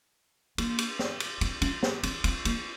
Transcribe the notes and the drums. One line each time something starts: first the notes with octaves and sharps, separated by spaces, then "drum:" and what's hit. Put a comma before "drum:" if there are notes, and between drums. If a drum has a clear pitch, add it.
A#3, drum: cymbal
drum: cymbal
drum: snare
drum: cymbal
C4, drum: cymbal
C#4, drum: cymbal
drum: snare
C4, drum: cymbal
C4, drum: cymbal
A#3, drum: cymbal